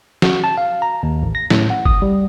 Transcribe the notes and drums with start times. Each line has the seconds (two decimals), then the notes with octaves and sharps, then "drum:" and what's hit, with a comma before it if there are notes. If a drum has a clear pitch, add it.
0.22 F#4, drum: snare
0.44 A5
0.58 F5
0.82 A#5
1.03 D#2
1.23 A1
1.35 A#6
1.50 A2, drum: snare
1.70 F#5
1.86 D#6, drum: kick G1
2.02 G3